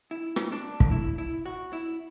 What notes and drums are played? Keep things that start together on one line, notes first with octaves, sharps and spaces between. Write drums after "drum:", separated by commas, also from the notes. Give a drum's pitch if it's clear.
E4
drum: rim click
D4
drum: kick
E4
E4
F#4
E4